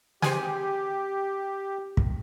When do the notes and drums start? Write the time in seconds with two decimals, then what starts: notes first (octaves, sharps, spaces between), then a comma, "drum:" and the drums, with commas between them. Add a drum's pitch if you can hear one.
0.22 C4 G4 G#4 G#5, drum: snare
1.97 drum: kick